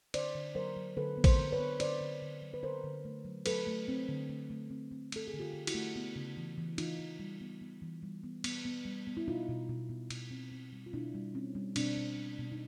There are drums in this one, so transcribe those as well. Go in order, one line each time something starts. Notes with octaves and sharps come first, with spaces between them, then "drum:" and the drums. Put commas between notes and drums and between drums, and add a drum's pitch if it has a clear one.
D3 C5 D5, drum: cymbal
D3
F#3 A#4 C5
F#3
D3 A4 B4
B3
A#4 C5, drum: kick A1, cymbal
D3
B4 C#5
B3
D3 C5 D5, drum: cymbal
D3
D3
F#3
B4
D3 A#4 C5
D3
A3
F#3
F#3 A4 B4, drum: cymbal
A3
C4
D3
A3
A3
C4
C4
A3 A4, drum: cymbal
G#4
D3
F4 G4
D3
E4 F#4, drum: cymbal
A3
B3
C#3
E3
E3
E3 D#4 F4, drum: cymbal
E3
G3
B3
B3
E3
G3
B3
B3, drum: cymbal
B3
G3
B3
E4
B2 D#4 F4
B2
B2
B2
B2, drum: cymbal
C4
C4
G3
F4
B2 D4 E4
G3
C4 C#4
G3
B2 C4 D4, drum: cymbal
B2
G3
B2
D#4